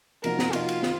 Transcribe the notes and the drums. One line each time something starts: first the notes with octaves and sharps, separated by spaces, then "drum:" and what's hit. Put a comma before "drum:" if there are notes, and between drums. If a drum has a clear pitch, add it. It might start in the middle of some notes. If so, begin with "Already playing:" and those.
C3 F3 A#3 D#4 F#4 A#4, drum: cymbal
drum: snare
C3 F3 A#3 D#4 F4 F#4, drum: cymbal
drum: cymbal
D#3, drum: snare